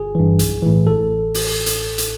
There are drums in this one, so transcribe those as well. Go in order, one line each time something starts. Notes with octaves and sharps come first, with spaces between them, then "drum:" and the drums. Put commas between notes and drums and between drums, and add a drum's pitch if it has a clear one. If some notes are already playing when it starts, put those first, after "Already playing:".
Already playing: G1 G#4
G2 E3
B1, drum: hi-hat
A2 E3
A1 A4
drum: open hi-hat
drum: hi-hat
drum: hi-hat